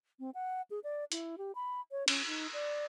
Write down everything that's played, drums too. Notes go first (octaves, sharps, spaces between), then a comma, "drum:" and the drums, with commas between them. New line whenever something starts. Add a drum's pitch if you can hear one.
C4
F#5
G#4
D5
E4, drum: hi-hat
G4
B5
C#5
C#4, drum: cymbal
D#4
D5